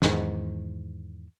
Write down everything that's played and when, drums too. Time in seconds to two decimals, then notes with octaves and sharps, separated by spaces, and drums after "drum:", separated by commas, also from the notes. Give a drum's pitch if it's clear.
0.02 E2 G#2 D#3, drum: snare